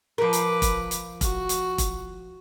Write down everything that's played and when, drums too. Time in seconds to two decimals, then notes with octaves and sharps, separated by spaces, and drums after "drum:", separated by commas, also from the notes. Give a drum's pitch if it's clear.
0.18 F3 A#4 B4 D6
0.33 drum: hi-hat
0.62 drum: kick F1, hi-hat
0.91 drum: hi-hat
1.21 F#4, drum: kick F1, hi-hat
1.49 drum: hi-hat
1.78 drum: kick F1, hi-hat